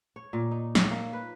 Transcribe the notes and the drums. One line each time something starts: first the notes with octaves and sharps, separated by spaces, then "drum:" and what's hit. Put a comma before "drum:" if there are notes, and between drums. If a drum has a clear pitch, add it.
C#5
A#2
D#4
C#5, drum: snare
A#3
B4